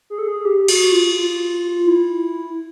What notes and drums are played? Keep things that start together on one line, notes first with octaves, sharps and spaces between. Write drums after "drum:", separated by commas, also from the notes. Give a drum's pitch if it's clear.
G#4
A4
G#4
G4
F#4, drum: cymbal
F4
F4
E4